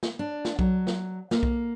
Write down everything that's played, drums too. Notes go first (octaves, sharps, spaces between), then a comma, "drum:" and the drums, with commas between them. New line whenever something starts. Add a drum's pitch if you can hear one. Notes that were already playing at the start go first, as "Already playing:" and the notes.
drum: snare
D4
drum: snare
F#3, drum: kick B1
drum: snare
A#3, drum: snare
drum: kick B1